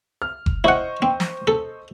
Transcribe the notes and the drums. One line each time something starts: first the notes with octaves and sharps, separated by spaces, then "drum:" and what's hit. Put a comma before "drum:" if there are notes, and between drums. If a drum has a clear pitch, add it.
F6
drum: kick F#1
E4 C5 D#5 F#5 C#6
C4
drum: snare
A4